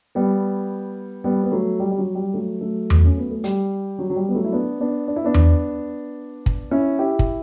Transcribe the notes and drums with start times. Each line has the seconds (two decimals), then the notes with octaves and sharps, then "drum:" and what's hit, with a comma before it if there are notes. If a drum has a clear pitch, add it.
0.15 G3 B3
1.24 G3 B3
1.44 B3
1.52 F#3 A3
1.80 G3
1.91 G3
1.98 F#3
2.15 G3
2.34 F#3 A3
2.61 F#3 A3
2.90 drum: tom E2
3.05 C#4
3.18 B3
3.31 A3
3.44 G3, drum: hi-hat
3.99 F#3
4.10 F#3
4.16 G3
4.29 B3
4.35 F#3 A3
4.44 E4
4.52 B3 D4
4.80 B3 D4
5.08 D4
5.16 E4
5.24 B3 D4
5.34 drum: tom E2
6.46 drum: kick
6.71 C#4 E4
6.99 E4 G4
7.19 drum: kick